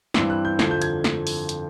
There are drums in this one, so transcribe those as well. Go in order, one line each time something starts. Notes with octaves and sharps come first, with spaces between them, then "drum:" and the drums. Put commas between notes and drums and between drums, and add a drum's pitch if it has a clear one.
G2 E3 G3 C4 E6, drum: snare
F#6
G6
F2 D3 F3 G#6, drum: snare
G6
G#6, drum: hi-hat
drum: snare
drum: open hi-hat
drum: hi-hat